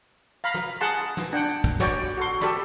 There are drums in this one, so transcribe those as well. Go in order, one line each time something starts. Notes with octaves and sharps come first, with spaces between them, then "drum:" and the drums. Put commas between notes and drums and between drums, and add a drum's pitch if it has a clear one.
F5 A#5 B5
drum: snare
G#4 F#5 A5 C6
drum: snare
D4 F#5 G5
drum: hi-hat
drum: kick
F#4 C#5 D5 G5, drum: snare
F#4 A4 C6
G4 A4 D5 B5, drum: snare